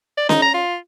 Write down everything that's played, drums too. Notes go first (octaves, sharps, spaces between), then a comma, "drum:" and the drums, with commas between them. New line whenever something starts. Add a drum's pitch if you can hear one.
D5
D#4, drum: snare C#4
A#5
F4